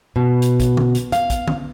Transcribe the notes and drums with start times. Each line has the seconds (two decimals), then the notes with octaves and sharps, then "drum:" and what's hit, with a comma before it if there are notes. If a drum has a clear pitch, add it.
0.16 B2
0.42 drum: hi-hat
0.60 drum: kick, hi-hat
0.77 drum: tom D3
0.95 drum: hi-hat
1.12 F5, drum: hi-hat
1.30 drum: kick, hi-hat
1.48 drum: tom D3